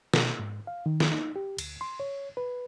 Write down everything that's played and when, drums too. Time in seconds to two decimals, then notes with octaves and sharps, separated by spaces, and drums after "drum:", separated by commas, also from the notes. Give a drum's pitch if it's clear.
0.14 B2, drum: snare
0.39 G#2
0.67 F5
0.86 D#3
1.00 drum: snare
1.11 D#4
1.36 G4
1.58 D2, drum: cymbal
1.81 C6
2.00 C#5
2.37 B4